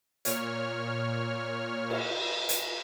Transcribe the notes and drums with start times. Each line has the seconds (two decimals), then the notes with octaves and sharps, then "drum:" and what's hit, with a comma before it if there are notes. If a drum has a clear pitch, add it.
0.25 A#2 C#5 F6, drum: hi-hat
1.90 drum: cymbal
2.49 drum: hi-hat